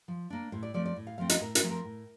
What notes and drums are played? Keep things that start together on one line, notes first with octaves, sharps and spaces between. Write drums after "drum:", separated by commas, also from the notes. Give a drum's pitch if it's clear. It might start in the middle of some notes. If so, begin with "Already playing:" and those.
F3
A#3 D4
A2 C5
D5
F3 A3 C4 D5
D5
A2
F5
F3 A3 C4 F5
D#5, drum: hi-hat
A2 A#4
A#4, drum: hi-hat
F3 A3 C4
A#4
A2